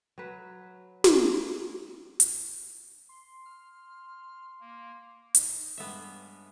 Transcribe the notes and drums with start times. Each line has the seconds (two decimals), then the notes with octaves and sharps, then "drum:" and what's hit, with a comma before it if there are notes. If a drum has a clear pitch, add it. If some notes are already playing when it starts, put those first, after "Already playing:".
0.18 F#3 B4
1.04 drum: snare
2.20 drum: hi-hat
3.09 C6
3.46 F6
4.60 A#3
5.35 D#4, drum: hi-hat
5.77 G2 G#3 B3 C#4 E5